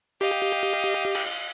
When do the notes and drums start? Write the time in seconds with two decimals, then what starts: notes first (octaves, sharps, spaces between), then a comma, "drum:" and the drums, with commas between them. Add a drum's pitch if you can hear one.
0.21 G4 D#5 F5
1.15 drum: cymbal